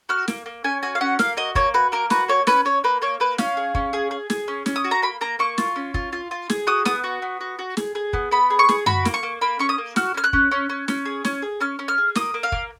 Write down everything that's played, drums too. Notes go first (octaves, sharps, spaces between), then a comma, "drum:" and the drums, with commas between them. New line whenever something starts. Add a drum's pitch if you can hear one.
F#4 F6
A#3, drum: snare
A#3
C#4 G#5
F#4 G#5
F5
C#4 F#5
A#3 F5, drum: snare
F#4 D#5
A#3 C#5, drum: kick
F#4 B4
A#3 A#4
F#4 B4, drum: snare
A#3 C#5
C#4 B4, drum: snare
C#4 C#5
A#3 B4
A#3 C#5
A#3 B4
C#4 F5, drum: snare
G#4
C#4, drum: kick
G#4
G#4
G#4, drum: snare
C#4
C#4, drum: snare
D#6
F#4
A#5
A#3 B5
A#3 A#5
A#3 C#6
F4, drum: snare
C#4
F4, drum: kick
F4
F4
G#4, drum: snare
F#4 D#6
B3 D#6, drum: snare
F#4
B3
F#4
F#4
G#4, drum: snare
G#4
B3, drum: kick
B3 B5
G#4
C#6
G#4, drum: snare
F#4 B5, drum: tom F#2
A#3, drum: snare
C#6
A#3
A#3 B5
C#4 C#6
D#6
A#3
F#4 F6, drum: snare
C#4 F6
F#6
C#4, drum: kick
C#4
C#4
C#4, drum: snare
G#4
C#4, drum: snare
G#4
C#4 F6
C#4
F6
G#4
A#3 D#6, drum: snare
A#3
F5
A#3, drum: kick